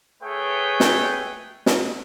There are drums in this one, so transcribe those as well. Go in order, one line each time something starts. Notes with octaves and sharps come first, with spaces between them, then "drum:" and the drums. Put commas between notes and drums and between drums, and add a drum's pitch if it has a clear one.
A3 G#4 B4 C#5 G5
drum: snare
drum: snare